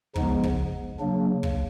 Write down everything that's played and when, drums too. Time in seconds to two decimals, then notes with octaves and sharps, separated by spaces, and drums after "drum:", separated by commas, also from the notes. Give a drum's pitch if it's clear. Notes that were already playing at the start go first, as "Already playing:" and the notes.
0.16 C#3 F3 G#3 B3 D#4, drum: kick
0.43 drum: kick
1.00 C#3 F#3 A#3 D4
1.43 drum: kick